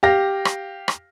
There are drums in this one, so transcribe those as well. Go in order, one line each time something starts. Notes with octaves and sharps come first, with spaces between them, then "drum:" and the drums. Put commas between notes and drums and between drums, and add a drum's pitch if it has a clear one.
G4 F5 A#6
drum: rim click
drum: rim click